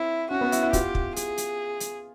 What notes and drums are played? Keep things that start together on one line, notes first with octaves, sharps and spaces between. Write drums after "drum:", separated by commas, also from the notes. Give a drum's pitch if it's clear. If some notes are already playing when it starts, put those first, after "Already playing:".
Already playing: C4 E4
C#4 F#4
B3
E4, drum: hi-hat
E4
F4 G4, drum: kick, hi-hat
drum: kick
G#4, drum: hi-hat
drum: hi-hat
drum: hi-hat